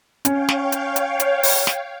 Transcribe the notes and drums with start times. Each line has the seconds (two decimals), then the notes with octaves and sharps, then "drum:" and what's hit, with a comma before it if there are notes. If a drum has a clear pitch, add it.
0.25 C#4 C#5 F5 G5, drum: hi-hat
0.49 drum: snare
0.72 drum: hi-hat
0.96 drum: hi-hat
1.20 drum: hi-hat
1.43 drum: open hi-hat
1.67 drum: snare